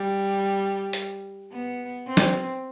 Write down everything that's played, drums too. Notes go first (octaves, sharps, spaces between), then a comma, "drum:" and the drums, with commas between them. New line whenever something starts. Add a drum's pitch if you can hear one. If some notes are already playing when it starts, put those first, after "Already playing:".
Already playing: G3
drum: hi-hat
B3
C4
drum: snare